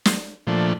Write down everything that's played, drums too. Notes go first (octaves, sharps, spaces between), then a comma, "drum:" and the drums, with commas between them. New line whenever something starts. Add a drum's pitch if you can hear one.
drum: snare
A#2 F3 A3 D4